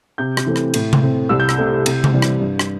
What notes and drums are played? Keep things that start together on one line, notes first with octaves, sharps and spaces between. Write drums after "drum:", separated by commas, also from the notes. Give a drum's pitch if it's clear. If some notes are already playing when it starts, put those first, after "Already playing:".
C3 G6
drum: rim click
E3 A3 C4
drum: rim click
A2, drum: cymbal
drum: tom C3
A3 C4
C2 E6
G6
E6, drum: rim click
C3 A3 C4
C3, drum: cymbal
drum: tom C3
E3 G3 C4
drum: rim click
G2
drum: rim click